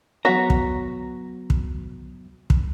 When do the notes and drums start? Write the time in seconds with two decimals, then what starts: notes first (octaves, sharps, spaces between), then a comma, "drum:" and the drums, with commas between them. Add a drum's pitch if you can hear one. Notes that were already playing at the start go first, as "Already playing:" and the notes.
0.25 F#3 B3 F#4 C#5 F#5 A#5 A#6 B6
0.50 drum: kick
1.50 drum: kick
2.50 drum: kick